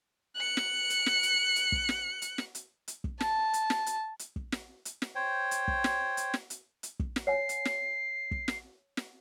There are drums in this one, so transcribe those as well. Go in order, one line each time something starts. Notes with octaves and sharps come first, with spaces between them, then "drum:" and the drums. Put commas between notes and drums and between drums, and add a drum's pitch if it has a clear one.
F#6 C#7
drum: snare
drum: hi-hat
drum: snare
drum: hi-hat
drum: hi-hat
drum: kick
drum: snare
drum: hi-hat
drum: snare
drum: hi-hat
drum: hi-hat
drum: kick
A5, drum: snare
drum: hi-hat
drum: snare
drum: hi-hat
drum: hi-hat
drum: kick
drum: snare
drum: hi-hat
drum: snare
C5 C#5 G5
drum: hi-hat
drum: kick
drum: snare
drum: hi-hat
drum: snare
drum: hi-hat
drum: hi-hat
drum: kick
drum: snare
C#5 F#5 G#5 C7
drum: hi-hat
drum: snare
drum: kick
drum: snare
drum: snare